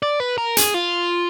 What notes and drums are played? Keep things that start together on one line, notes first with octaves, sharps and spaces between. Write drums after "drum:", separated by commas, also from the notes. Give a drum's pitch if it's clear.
D5
B4
A#4
G#4, drum: hi-hat
F4